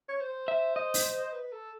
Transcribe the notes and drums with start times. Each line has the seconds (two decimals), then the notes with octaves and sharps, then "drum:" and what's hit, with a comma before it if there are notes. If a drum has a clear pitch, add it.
0.09 C#5
0.20 C5
0.48 E5
0.76 D#5
0.94 drum: open hi-hat
1.33 B4
1.52 A4